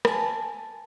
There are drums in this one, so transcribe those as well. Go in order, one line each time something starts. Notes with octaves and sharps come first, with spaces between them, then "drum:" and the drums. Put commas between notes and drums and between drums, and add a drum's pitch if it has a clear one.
G#5 A5, drum: rim click